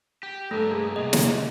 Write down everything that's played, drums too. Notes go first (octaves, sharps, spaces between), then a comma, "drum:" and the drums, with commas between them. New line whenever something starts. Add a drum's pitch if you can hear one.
G4
G2 A3 A#3 A4
G#4
C2 C3 D#5
drum: snare